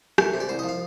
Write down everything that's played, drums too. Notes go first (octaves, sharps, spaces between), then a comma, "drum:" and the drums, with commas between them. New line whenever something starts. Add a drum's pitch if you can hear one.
A3 A#4, drum: rim click
C3
D5
C2 C5
D#5
F3
F5